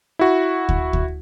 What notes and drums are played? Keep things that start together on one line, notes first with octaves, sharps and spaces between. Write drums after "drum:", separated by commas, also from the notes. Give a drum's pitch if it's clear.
E4 F#4
drum: kick D2
drum: kick D2